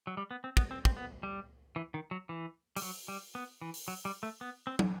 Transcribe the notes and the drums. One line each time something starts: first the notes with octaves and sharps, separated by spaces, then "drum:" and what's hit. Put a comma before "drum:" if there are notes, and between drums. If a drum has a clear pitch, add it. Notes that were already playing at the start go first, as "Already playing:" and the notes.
F#3
G3
B3
C4
B3, drum: kick
C4
C4, drum: kick
B3
G3
E3
D#3
F#3
E3
G3, drum: open hi-hat
F#3
G3
B3
E3
drum: open hi-hat
F#3
G3
A3
B3
C4
drum: tom